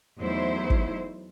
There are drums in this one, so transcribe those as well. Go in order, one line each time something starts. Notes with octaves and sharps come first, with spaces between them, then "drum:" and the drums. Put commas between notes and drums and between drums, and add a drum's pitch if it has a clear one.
E2 F#3 A3 D#4 E4 C5
drum: kick